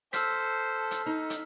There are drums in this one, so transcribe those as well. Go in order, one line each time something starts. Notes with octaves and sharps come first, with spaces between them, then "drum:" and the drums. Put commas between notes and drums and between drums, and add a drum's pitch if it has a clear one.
A4 C5 E6 F6 B6, drum: hi-hat
drum: hi-hat
D#4
drum: hi-hat